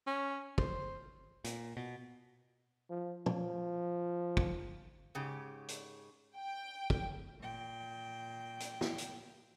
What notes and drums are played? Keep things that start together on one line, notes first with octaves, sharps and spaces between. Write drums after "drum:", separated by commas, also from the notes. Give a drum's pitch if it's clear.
C#4
C5, drum: kick
A#2, drum: hi-hat
B2
F3
F3, drum: tom
drum: kick
G#2 C#3 G4
drum: hi-hat
G5
drum: kick
A#2 G5
drum: hi-hat
drum: snare
drum: hi-hat